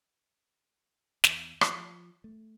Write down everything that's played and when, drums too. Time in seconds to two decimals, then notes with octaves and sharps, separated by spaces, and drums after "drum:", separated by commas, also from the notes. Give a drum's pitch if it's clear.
1.24 E2, drum: snare
1.61 F3, drum: rim click
2.24 A3